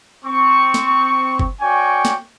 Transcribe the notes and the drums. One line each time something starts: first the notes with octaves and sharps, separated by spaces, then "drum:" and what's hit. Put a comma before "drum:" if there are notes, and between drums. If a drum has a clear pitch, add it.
C4 C#6
drum: snare
drum: kick F#1
C#4 F#4 D5 G5 G#5 C#6
drum: snare